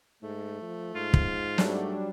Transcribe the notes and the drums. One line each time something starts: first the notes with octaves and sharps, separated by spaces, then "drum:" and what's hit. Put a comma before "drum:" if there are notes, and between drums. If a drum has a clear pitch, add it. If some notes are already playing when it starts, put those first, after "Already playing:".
G#2 A3
F3
G#2 F4
drum: kick
F#3 G3 A3 D4, drum: snare